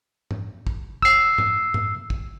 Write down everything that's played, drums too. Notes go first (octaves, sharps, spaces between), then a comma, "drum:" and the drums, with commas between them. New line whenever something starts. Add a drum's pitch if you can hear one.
drum: tom
drum: kick
E6 C7, drum: kick
drum: tom
drum: tom
drum: kick